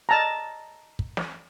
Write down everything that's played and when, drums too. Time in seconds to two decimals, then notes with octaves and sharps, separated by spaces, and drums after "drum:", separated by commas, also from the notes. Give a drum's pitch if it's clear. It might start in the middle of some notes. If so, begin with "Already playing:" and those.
0.09 D#5 A5 A#5
0.99 drum: kick
1.17 drum: snare